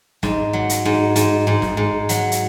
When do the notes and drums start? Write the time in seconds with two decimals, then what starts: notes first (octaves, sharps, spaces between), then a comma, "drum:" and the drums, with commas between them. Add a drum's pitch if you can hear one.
0.23 G#2, drum: snare
0.53 F#3
0.69 drum: hi-hat
0.85 G#2
1.16 G#2, drum: hi-hat
1.47 G#2
1.62 drum: snare
1.77 G#2
2.09 F#3, drum: hi-hat
2.32 drum: hi-hat